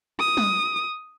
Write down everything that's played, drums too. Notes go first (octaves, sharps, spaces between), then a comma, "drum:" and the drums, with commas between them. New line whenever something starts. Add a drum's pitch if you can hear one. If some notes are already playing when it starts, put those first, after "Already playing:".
D#6
drum: tom